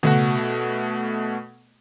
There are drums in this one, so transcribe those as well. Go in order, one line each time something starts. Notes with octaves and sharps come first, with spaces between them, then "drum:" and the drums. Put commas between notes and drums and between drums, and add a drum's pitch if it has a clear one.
B2 A3 F#4, drum: tom C#3